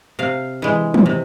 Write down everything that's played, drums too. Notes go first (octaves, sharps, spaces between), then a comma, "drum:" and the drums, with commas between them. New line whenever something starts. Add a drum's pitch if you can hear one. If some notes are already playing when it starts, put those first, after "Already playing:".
C3 F5
E3 G#3
drum: tom
C3